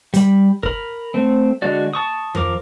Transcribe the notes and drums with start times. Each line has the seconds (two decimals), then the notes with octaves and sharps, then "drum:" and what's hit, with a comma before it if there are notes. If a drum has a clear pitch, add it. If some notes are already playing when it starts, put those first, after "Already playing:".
0.14 G3 B5, drum: hi-hat
0.63 A#4 B5, drum: kick
1.14 A3 C4
1.62 D3 G#3 F#4 D5
1.93 A5 C#6 D#6
2.35 F3 A#4 D6, drum: tom F2